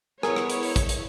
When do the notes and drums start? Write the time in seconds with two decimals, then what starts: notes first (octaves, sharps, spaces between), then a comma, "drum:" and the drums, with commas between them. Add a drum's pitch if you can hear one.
0.23 B3 E4 G#4 A#4 C#5 A#5, drum: rim click
0.36 drum: rim click
0.50 drum: hi-hat
0.63 drum: open hi-hat
0.76 drum: kick, hi-hat
0.89 drum: hi-hat